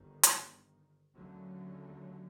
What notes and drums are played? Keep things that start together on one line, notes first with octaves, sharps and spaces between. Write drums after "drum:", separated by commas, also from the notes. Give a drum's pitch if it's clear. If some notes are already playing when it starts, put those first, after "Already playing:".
Already playing: G1 G2 D#3
drum: hi-hat
D#2 D3 F#3 A3 C#4